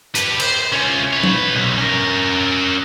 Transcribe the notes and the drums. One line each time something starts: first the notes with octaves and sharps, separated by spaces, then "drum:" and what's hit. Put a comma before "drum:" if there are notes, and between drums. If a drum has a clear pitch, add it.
G4 B4, drum: hi-hat
C5, drum: cymbal
C#4 F4
B4 C#5
drum: tom F#3
B1
C#4 A#4